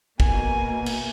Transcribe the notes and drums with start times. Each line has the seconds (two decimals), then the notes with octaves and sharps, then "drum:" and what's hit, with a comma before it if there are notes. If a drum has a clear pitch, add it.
0.20 B2 A#3 G#5, drum: kick
0.86 drum: cymbal